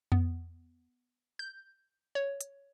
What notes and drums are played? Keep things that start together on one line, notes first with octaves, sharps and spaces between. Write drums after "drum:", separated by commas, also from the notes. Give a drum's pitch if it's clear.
B3, drum: tom F2
G6
C#5
drum: hi-hat